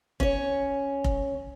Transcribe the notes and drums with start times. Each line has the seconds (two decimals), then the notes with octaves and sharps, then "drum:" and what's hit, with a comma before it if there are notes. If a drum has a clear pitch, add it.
0.20 C#4 C#5, drum: kick F1
1.04 drum: kick F1